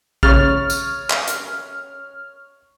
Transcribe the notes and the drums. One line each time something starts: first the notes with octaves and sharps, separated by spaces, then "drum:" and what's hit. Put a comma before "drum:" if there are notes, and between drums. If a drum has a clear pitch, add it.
C#3 C#5 C#6 F6 A6, drum: kick A#1
drum: tambourine
drum: clap
drum: hi-hat